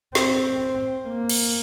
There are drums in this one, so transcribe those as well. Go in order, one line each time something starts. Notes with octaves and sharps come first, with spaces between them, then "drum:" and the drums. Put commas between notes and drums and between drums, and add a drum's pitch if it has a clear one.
C4, drum: snare
A#3
drum: cymbal